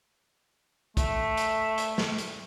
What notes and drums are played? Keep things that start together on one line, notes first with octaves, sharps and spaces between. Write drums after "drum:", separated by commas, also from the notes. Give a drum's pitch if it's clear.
A3, drum: kick, hi-hat
drum: hi-hat
drum: hi-hat
drum: snare
drum: hi-hat